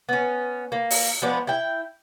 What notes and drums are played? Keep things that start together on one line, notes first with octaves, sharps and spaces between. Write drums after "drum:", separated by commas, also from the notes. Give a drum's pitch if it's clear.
B3 C#4
A#3
drum: open hi-hat
F3 G#3 B3 D4
E4 G5